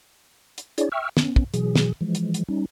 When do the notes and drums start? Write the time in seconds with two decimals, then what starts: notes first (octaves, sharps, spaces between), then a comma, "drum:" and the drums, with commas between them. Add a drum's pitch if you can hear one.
0.58 drum: hi-hat
0.78 D4 E4 G#4 C#5 D5, drum: hi-hat
0.92 E5 G5 C#6 E6 F6
1.17 B3 C#4, drum: snare
1.36 drum: kick
1.54 B2 E3 F#3 G#4, drum: hi-hat
1.76 drum: snare
2.01 E3 F3 G#3
2.15 drum: hi-hat
2.34 drum: hi-hat
2.48 G3 C#4 D#4